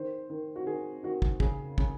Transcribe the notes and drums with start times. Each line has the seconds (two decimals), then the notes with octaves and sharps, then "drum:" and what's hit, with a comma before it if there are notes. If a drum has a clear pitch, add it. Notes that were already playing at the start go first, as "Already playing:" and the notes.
Already playing: D#3 C5
0.30 D#3
0.56 F#4
0.66 D#3 G#4
1.03 D#3 F#4
1.22 drum: kick
1.40 C#3 G#4, drum: kick
1.78 C#3, drum: kick